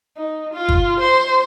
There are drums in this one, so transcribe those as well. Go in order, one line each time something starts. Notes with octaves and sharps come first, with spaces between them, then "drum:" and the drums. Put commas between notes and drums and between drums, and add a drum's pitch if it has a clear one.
D#4
F4
drum: kick
C5